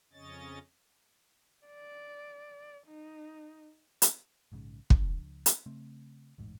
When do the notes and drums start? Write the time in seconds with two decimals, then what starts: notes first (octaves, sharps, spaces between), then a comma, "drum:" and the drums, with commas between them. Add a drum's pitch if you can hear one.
0.13 F2 C#3 C#4 C#5 D#5 A6
1.67 D5
2.87 D#4
4.02 drum: hi-hat
4.52 A#1 G#2 C#3
4.90 C#2 F3 D4, drum: kick
5.46 drum: hi-hat
5.66 C#3 A3 C4
6.38 E1 A1 G#2